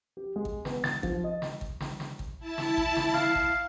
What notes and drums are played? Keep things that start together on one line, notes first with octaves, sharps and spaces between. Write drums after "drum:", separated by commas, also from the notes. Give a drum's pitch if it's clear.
G4
G#3
drum: kick G#1
B3, drum: snare
A6, drum: snare
F3, drum: kick G#1
D#5
drum: snare
drum: kick G#1
drum: snare
drum: snare
drum: kick G#1
E4 A5
drum: snare
drum: kick G#1
drum: snare
F5, drum: snare
drum: kick G#1